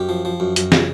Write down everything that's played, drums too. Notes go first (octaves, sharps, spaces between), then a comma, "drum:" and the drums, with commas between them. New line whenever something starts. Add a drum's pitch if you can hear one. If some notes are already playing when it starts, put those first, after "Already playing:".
Already playing: F#2 G4
F3
F3
F#2
F#2, drum: hi-hat
C#3, drum: snare